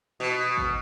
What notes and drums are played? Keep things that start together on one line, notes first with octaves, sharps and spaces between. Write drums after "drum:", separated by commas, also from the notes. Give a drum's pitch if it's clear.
B2
drum: kick G1